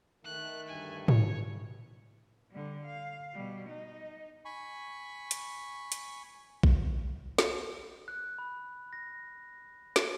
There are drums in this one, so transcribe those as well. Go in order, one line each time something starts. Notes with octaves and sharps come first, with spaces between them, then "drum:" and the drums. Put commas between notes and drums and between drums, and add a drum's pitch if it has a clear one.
D#3 A3 F#6
D2 G2 G#5
C#5, drum: tom G#2
D3 G3
F5
B2 G3
D#4
G#5 B5 C#6
drum: hi-hat
drum: hi-hat
drum: kick A#1
drum: snare
F#6
B5
A#6
drum: snare